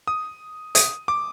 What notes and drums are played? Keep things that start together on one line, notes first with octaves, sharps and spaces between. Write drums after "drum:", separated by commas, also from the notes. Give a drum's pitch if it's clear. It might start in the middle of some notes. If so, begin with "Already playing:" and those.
D#6
D#6, drum: hi-hat
D6